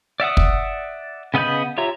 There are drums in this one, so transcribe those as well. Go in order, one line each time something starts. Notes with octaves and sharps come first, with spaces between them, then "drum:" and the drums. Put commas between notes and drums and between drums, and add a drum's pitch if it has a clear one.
D5 E5 F#5 D#6
drum: kick
C#3 B3 D#5 B5 G6
F4 G4 C#5 E5 A#5